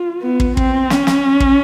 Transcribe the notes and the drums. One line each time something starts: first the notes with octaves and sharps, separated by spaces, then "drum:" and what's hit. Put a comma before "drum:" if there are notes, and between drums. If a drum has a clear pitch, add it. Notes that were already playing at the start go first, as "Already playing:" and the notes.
Already playing: F4
B3
drum: kick
C4, drum: kick
C#4, drum: snare
drum: snare
drum: kick